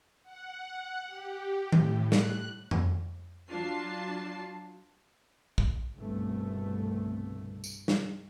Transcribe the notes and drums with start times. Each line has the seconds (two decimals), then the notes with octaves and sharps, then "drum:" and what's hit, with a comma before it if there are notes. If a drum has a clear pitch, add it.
0.23 F#5
1.07 G4
1.72 A2, drum: tom D#3
2.12 F#6, drum: snare
2.71 drum: tom F2
3.50 F#3 D4 F4 A5 C7
5.58 drum: kick
5.96 G1 C2 G2 B2 A3
7.64 drum: tambourine
7.88 drum: snare